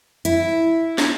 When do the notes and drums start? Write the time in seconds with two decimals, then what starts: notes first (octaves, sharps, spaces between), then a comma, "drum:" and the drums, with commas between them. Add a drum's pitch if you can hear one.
0.25 E4, drum: hi-hat
0.98 drum: snare